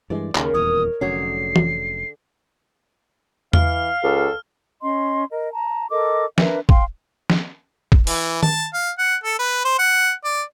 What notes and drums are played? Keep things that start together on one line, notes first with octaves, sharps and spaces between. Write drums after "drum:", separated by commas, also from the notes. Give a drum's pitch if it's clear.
G2 E3 G#3 D5
D#2 C#3 A#4, drum: clap
D#1 E2 A#4 C#5 D#5 D#6
F1 D3 F#3 C#4 G#4 C#5 C7
drum: tom E3
E3 F5 F6, drum: tom E2
C#2 A4
C#4 D#5 C6
A#4 D#5
A5 A#5
A4 A#4 D#5 D6
D4 A#4 B4 E5, drum: snare
F5 G5 C6, drum: kick
drum: snare
drum: kick
E3, drum: open hi-hat
A5, drum: tom D#3
F5
F#5
A4
B4
C5
F#5
D5